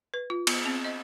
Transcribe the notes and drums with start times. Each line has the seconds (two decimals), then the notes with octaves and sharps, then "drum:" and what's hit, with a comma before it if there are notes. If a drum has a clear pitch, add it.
0.14 B4
0.30 F4
0.47 B3, drum: cymbal
0.66 C4
0.85 D#5